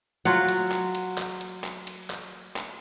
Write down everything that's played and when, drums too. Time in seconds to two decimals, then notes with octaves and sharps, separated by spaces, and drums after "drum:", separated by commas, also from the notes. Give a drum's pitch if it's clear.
0.25 F#3 F4 F#5, drum: cymbal
0.48 drum: cymbal
0.72 drum: clap
0.95 drum: cymbal
1.18 drum: clap
1.41 drum: cymbal
1.64 drum: clap
1.87 drum: cymbal
2.10 drum: clap
2.56 drum: clap